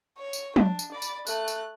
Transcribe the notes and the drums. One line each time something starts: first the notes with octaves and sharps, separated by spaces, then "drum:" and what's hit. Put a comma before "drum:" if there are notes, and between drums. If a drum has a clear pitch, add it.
C#5
drum: tambourine
D4, drum: tom
drum: tambourine
D5 B5
drum: tambourine
A3 F#6, drum: tambourine
drum: tambourine